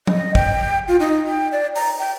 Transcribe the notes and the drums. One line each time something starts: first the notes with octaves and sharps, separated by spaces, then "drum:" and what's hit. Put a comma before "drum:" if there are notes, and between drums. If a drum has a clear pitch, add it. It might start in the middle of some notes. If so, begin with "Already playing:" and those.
D#5, drum: tom F3
G5, drum: kick
F4
D#4
G5
D5
A#5, drum: open hi-hat
G5